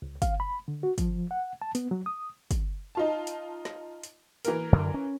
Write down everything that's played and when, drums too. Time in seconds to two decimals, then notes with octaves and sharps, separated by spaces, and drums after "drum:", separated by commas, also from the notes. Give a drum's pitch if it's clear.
0.02 C#2
0.22 F5, drum: kick, hi-hat
0.40 B5
0.68 D3
0.83 F#4
0.98 F3, drum: kick, hi-hat
1.31 F#5
1.62 A5
1.75 B3, drum: hi-hat
1.91 F#3
2.06 D#6
2.51 drum: kick, hi-hat
2.95 D#4 F4 A5
3.27 drum: hi-hat
3.65 drum: snare
4.03 drum: hi-hat
4.45 E3 A#3 A#4, drum: hi-hat
4.72 F#2 D3
4.94 C#4